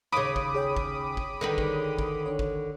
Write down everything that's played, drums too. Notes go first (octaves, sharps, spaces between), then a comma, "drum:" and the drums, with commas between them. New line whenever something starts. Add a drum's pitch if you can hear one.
D#2 C#3 B5 D6 D#6
drum: kick
G#4 C#5 G5
drum: kick
drum: kick
D3 D#3 B4
drum: kick
drum: kick
D4 C#5
drum: kick